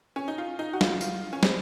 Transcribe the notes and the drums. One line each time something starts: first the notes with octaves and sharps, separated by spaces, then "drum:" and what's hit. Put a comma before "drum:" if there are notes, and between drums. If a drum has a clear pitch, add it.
C#4
D#4
F4
D#4
F#4
F4, drum: snare
F4, drum: tambourine
C#4
C4, drum: snare